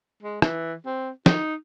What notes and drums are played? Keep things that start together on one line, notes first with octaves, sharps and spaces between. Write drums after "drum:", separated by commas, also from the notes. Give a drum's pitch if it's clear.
G#3
E3, drum: rim click
C4
D#4, drum: snare